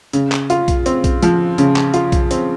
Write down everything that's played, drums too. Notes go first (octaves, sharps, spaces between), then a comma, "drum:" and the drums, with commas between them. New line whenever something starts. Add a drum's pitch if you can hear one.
C#3, drum: hi-hat
drum: clap
F4, drum: hi-hat
drum: kick B1, hi-hat
C4, drum: hi-hat
drum: kick B1, hi-hat
F3, drum: hi-hat
C#3, drum: hi-hat
drum: clap
F4, drum: hi-hat
drum: kick B1, hi-hat
C4, drum: hi-hat